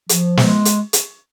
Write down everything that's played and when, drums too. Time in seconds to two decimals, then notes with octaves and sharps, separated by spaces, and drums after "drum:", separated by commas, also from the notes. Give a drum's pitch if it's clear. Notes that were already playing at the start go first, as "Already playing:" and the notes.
0.09 F3, drum: hi-hat
0.37 G#3, drum: snare
0.65 drum: hi-hat
0.93 drum: hi-hat